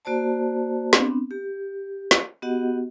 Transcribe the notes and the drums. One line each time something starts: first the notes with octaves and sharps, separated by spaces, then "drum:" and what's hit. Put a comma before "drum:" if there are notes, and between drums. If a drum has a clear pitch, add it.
A#3 F#4 C5 D5 A5
B3 C4 D4, drum: snare
G4
drum: snare
B3 F#4 G4 D#5 F#5